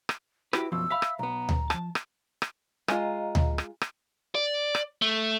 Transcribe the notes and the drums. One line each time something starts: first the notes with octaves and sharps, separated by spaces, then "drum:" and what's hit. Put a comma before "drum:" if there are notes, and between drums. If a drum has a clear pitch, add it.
drum: rim click
E4 F#4 G4 B4, drum: rim click
F#2 B2 F3 E6
E5 F5 B5
drum: rim click
B1 B3 A#5
drum: tom D2
F3 A5, drum: rim click
drum: rim click
drum: rim click
G#3 F4 D#5 F5 A#5, drum: rim click
drum: tom D2
drum: rim click
drum: rim click
D5
drum: rim click
A3